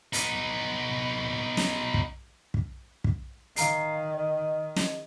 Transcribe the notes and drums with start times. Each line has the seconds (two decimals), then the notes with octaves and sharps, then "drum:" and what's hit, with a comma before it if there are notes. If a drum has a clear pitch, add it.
0.13 B3 D#4, drum: hi-hat
1.57 drum: snare
1.94 drum: kick
2.54 drum: kick
3.04 drum: kick
3.56 D#3 F5 A#5 C7, drum: hi-hat
4.15 D#5
4.76 drum: snare